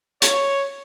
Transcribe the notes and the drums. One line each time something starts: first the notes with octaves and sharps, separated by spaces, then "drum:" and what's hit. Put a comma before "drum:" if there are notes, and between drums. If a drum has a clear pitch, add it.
C#5, drum: hi-hat